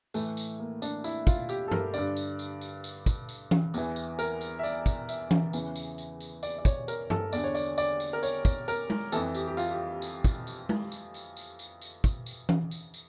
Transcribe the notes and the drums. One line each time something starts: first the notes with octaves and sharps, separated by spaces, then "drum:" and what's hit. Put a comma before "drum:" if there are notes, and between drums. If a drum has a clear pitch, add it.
A2 E3 A3, drum: tambourine
drum: tambourine
A#3
D4, drum: tambourine
E4, drum: tambourine
F4, drum: kick, tambourine
G4, drum: tambourine
A4
A#4, drum: tom G2
G2 D3 D5, drum: tambourine
drum: tambourine
drum: tambourine
drum: tambourine
drum: tambourine
drum: kick, tambourine
drum: tambourine
drum: tom E3
E2 E3, drum: tambourine
drum: tambourine
A#4, drum: tambourine
drum: tambourine
E5
D5, drum: tambourine
drum: kick, tambourine
E5, drum: tambourine
drum: tom E3
E2 C#3 E3, drum: tambourine
drum: tambourine
drum: tambourine
drum: tambourine
D5, drum: tambourine
D5
C#5, drum: kick, tambourine
A#4, drum: tambourine
A4, drum: tom G2
E2 D3 D5, drum: tambourine
C#5
D5, drum: tambourine
D5, drum: tambourine
drum: tambourine
A#4
C#5, drum: tambourine
drum: kick, tambourine
A#4, drum: tambourine
drum: tom G#3
F2 E3 A4, drum: tambourine
G4, drum: tambourine
G4
F4, drum: tambourine
G4
drum: tambourine
drum: kick, tambourine
drum: tambourine
drum: tom G#3
drum: tambourine
drum: tambourine
drum: tambourine
drum: tambourine
drum: tambourine
drum: kick, tambourine
drum: tambourine
drum: tom E3
drum: tambourine
drum: tambourine